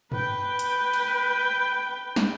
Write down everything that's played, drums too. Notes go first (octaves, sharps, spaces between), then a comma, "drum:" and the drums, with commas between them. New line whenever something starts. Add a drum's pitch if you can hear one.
B4 G5, drum: tom F#2
drum: hi-hat
drum: cymbal
drum: snare